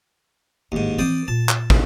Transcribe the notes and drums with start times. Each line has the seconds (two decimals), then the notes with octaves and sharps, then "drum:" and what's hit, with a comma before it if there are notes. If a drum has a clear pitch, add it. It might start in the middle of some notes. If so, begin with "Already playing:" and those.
0.72 A1 D#2 G#2 E4
0.99 E3 C4 C5 D5 D#6
1.28 A#2 A5
1.49 drum: clap
1.70 drum: kick